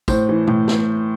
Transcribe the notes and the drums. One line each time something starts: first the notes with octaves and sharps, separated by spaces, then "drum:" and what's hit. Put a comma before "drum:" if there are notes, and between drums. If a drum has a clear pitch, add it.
A2 C5, drum: kick, tambourine
E3
A2, drum: tom
drum: snare